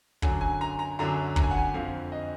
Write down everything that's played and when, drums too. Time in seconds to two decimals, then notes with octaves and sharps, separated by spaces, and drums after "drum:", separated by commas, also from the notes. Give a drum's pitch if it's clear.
0.22 F#2 D3 F#3 D4 G#5, drum: kick
0.41 G#5
0.61 A#5
0.79 A#5
0.99 F#2 D3 F#3 D4 A#5
1.36 A#5, drum: kick
1.43 G#5
1.51 F#5
1.58 G#5
1.74 F2 D3 F3 F5
2.12 D#5